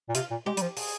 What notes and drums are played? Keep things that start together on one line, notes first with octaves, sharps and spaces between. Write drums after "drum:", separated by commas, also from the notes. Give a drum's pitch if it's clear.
A#2
C3 F4, drum: hi-hat
A#2
G#3 G4
G3, drum: hi-hat
F3
G#4, drum: open hi-hat